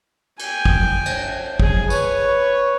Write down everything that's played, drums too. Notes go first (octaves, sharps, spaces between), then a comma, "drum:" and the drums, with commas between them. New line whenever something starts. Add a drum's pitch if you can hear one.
G5 G#5, drum: cymbal
drum: kick
drum: cymbal
G#4 G#5, drum: kick
B4 C#5, drum: tambourine